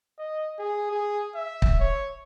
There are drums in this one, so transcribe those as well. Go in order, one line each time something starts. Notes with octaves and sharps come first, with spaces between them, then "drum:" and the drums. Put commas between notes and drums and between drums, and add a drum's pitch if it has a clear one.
D#5
G#4
G#4
E5
drum: kick
C#5